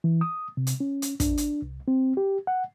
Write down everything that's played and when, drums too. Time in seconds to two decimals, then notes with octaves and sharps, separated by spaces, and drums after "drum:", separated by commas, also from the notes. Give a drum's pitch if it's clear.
0.04 E3
0.21 D#6
0.57 C3
0.67 drum: hi-hat
0.80 C#4
1.02 drum: hi-hat
1.20 D4, drum: kick, hi-hat
1.38 drum: hi-hat
1.62 C2
1.88 C4
2.17 G4
2.47 F#5